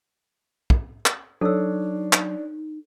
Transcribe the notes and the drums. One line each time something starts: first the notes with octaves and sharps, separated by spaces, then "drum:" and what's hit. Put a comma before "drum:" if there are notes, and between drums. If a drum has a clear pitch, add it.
drum: kick
drum: clap
F#3 D4 D#4 A4 C#5 E6
drum: clap